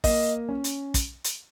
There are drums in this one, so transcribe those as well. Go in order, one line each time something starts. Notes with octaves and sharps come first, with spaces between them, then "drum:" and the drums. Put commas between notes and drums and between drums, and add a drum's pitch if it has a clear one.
A#3 D#5, drum: kick, open hi-hat
C#4
drum: hi-hat
drum: kick, hi-hat
drum: hi-hat